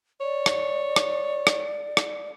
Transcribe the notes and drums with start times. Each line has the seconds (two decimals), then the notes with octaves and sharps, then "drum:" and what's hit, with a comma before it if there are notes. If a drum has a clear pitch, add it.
0.21 C#5 D5
0.46 drum: rim click
0.96 drum: rim click
1.47 drum: rim click
1.97 drum: rim click